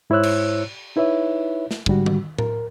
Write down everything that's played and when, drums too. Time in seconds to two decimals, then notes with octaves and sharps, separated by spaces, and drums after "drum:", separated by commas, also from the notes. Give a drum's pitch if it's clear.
0.10 G#2 E4 C5 C#5 E6 F#6
0.23 drum: cymbal
0.96 D#4 E4 B4 C#5 E5
1.71 drum: snare
1.86 G#2 D3 G3 F#4, drum: kick
2.06 drum: tom D#3
2.38 A#4, drum: tom A2